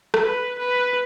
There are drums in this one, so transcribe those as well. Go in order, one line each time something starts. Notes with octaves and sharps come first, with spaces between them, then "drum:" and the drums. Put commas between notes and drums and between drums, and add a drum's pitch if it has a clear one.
drum: rim click
B4
B4